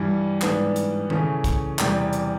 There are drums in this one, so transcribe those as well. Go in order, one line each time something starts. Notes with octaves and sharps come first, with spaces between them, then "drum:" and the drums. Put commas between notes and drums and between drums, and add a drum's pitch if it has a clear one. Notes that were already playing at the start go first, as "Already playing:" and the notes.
Already playing: G2 E3 G3
G#2 E3 G3 B3 D4, drum: clap
drum: hi-hat
C#3 E3 A3 C#4, drum: tom D#3
drum: kick, hi-hat
E2 C3 E3 G3, drum: clap
drum: hi-hat